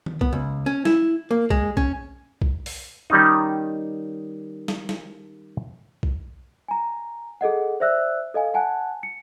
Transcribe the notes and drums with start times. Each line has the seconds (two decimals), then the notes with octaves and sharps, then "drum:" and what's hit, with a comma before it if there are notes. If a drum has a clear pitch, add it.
0.06 drum: tom D#3
0.21 B3, drum: kick B1
0.33 C#2
0.66 C#4
0.85 E4, drum: snare
1.31 A#3
1.50 G#3, drum: kick B1
1.77 C#4, drum: kick B1
2.42 drum: kick B1
2.66 drum: open hi-hat
3.10 D#3 G3 C#4 D#4
4.68 drum: snare
4.89 drum: snare
6.03 drum: kick B1
6.68 G#5 A#5
7.41 G#4 A4 D#5 F#5
7.80 C5 D5 E5 E6 F#6
8.34 A4 D#5 F5 G#5
8.54 F#5 G#5 A5 F#6
9.03 C#7